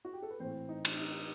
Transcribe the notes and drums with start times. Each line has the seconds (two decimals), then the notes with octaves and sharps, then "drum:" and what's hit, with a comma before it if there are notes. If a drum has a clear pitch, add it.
0.05 F#4
0.13 G4
0.22 A4
0.30 B4
0.40 A2 E3 C4 C5
0.69 D#4
0.85 drum: cymbal
0.99 D#4